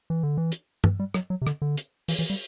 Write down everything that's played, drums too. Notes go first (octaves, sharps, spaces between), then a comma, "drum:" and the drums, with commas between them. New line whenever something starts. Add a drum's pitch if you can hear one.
E3
D3
E3
drum: hi-hat
E3, drum: tom
G3
F#3, drum: rim click
F#3
C3
D3, drum: rim click
D3
drum: hi-hat
E3, drum: open hi-hat
E3
G3